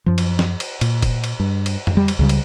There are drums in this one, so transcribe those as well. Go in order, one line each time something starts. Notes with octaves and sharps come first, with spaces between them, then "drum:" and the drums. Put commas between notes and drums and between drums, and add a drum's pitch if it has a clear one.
F#2 F3
drum: cymbal
drum: snare
drum: cymbal
A#2, drum: cymbal
drum: kick F1, cymbal
drum: cymbal
G2
drum: cymbal
drum: tom F2
G3
drum: cymbal
C#2 C#3 G3
drum: cymbal